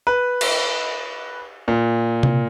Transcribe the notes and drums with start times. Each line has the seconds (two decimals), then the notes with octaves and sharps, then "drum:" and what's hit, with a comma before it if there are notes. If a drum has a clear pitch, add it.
0.07 B4
0.41 drum: cymbal
1.68 A#2
2.23 drum: tom C3